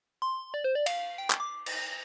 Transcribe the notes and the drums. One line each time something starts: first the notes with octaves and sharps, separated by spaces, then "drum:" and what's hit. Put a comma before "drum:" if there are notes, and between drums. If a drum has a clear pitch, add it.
C6
D5
C5
D5
F5, drum: cymbal
G5
drum: clap
D6
drum: cymbal